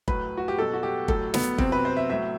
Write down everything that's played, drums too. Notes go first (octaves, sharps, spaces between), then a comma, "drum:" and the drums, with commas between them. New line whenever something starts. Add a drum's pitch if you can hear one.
A2 F#3 B4, drum: kick
F#4
G4
B2 F#3 A4
F#4
G4
A2 F#3 A4, drum: kick
B3, drum: snare
C3 F#3 C4, drum: kick
B4
C5
E5
A2 F#3 E5